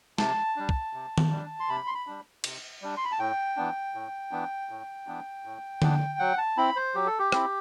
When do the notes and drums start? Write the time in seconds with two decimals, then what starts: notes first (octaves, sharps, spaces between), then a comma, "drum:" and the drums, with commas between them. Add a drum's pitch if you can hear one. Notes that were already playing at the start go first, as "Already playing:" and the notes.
0.18 C3 A5, drum: snare
0.56 G3 D4
0.69 drum: kick
0.93 C3
1.18 drum: tom D#3
1.31 G3 D4
1.60 C6
1.69 C3 B5
1.87 C6
1.95 B5
2.07 G3 D4
2.44 C3, drum: cymbal
2.82 G3 D4
2.97 C6
3.05 B5
3.12 A5
3.19 A2 G5
3.57 E3 B3 D4
3.94 A2
4.31 E3 B3 D4
4.69 A2
5.07 E3 B3 D4
5.45 A2
5.82 E3 B3 D4, drum: tom D3
6.19 F#3 F#5
6.38 A5
6.57 C4 E4 B5
6.76 C5
6.95 F#3 G4
7.06 A4
7.19 G4
7.32 C4 E4, drum: rim click